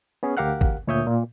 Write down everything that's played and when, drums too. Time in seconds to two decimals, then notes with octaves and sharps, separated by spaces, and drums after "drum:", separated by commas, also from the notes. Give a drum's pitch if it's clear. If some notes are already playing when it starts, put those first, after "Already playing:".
0.23 B3 C#4 G#4
0.37 D2 G4 A#4 F5 F#5 F#6
0.61 drum: kick G#1
0.87 D2 A#2 C#5 E5 D#6 G6
1.07 A#2